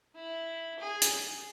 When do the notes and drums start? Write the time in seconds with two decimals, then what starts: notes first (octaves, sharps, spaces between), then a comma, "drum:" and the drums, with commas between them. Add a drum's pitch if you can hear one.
0.15 E4
0.79 G#4
1.02 drum: hi-hat